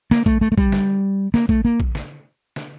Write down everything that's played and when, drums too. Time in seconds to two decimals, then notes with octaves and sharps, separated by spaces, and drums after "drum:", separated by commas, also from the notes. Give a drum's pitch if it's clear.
0.11 A#3, drum: snare
0.26 A3, drum: kick
0.41 A3
0.52 A3
0.58 G3, drum: kick
0.72 drum: snare
1.34 A#3, drum: snare
1.49 A3, drum: kick
1.65 A#3
1.80 drum: kick
1.95 drum: snare
2.56 drum: snare